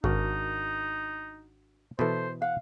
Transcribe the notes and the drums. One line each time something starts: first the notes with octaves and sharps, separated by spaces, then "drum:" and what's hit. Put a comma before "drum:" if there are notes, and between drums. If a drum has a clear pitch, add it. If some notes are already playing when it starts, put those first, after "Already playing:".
G#1 D4 D#4 F#4 A#4, drum: kick G#1
B2 E3 E4 A4 C5
F5 F#5